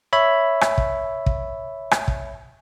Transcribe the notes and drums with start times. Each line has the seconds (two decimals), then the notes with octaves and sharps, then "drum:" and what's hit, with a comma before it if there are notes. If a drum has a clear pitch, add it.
0.13 C#5 E5 B5
0.61 drum: rim click
0.78 drum: kick
1.26 drum: kick
1.91 drum: rim click
2.08 drum: kick